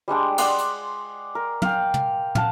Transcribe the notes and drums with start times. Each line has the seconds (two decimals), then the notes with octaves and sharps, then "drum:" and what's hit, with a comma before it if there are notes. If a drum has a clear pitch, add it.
0.08 G3 G#3 D4 G5
0.38 D5 F#5 C6 D#6, drum: cymbal
0.58 drum: hi-hat
1.35 A#4
1.62 F5 G5, drum: tom
1.94 drum: tom
2.35 F5 F#5 A5, drum: tom